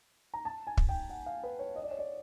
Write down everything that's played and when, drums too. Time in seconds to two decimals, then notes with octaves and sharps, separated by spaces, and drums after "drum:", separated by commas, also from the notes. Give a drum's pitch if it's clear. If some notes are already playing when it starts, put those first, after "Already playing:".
0.34 A#5
0.45 A5
0.67 G#5
0.77 drum: kick
0.89 G5
1.10 F#5
1.26 F5
1.44 B4
1.59 C#5
1.76 D#5
1.83 D5
1.91 C#5
1.99 D5